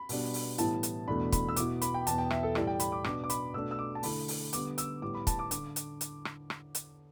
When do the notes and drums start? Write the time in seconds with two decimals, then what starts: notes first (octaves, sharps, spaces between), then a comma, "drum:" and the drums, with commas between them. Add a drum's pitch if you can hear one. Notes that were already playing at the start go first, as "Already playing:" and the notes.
Already playing: B5
0.09 B2 G3 B3 D4, drum: open hi-hat
0.34 drum: open hi-hat
0.58 A2 E3 G3 B3 E4 A5, drum: hi-hat
0.83 drum: hi-hat
1.08 E2 B2 A3 D4 B5
1.32 B5, drum: kick, hi-hat
1.49 E6
1.56 B2 B3 E4 D6, drum: hi-hat
1.82 B5, drum: hi-hat
1.94 G5
2.07 E2 B2 B3 A5, drum: hi-hat
2.18 G5
2.30 E5, drum: rim click
2.43 A4
2.55 A2 E3 G3 E4 D5, drum: rim click
2.67 G5
2.80 B5, drum: hi-hat
2.92 D6
3.04 B2 B3 D4 D6, drum: rim click
3.24 D6
3.30 B5, drum: hi-hat
3.54 B2 A3 D4 E6
3.71 E6
3.79 D6
3.95 A5
4.03 D3 A3 E4 B5, drum: open hi-hat
4.28 drum: open hi-hat
4.53 D3 G3 B3 D6, drum: hi-hat
4.78 E6, drum: hi-hat
5.02 A2 G3 B3 D6
5.15 B5
5.27 A5, drum: kick, hi-hat
5.39 D6
5.51 D3 D6, drum: hi-hat
5.76 drum: hi-hat
6.01 drum: hi-hat
6.25 drum: rim click
6.50 drum: rim click
6.75 drum: hi-hat